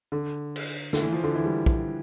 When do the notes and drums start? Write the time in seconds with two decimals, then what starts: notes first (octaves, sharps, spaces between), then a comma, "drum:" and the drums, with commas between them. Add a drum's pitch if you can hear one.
0.12 D3
0.56 drum: cymbal
0.93 D3, drum: snare
1.02 E3
1.13 F3
1.24 D3
1.35 E3
1.45 G3
1.66 drum: kick